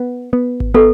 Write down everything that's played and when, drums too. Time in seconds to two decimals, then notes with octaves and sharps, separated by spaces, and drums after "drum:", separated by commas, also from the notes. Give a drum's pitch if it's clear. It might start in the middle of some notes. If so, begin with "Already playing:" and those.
Already playing: B3
0.33 B3
0.60 drum: kick G#1
0.74 B3 A4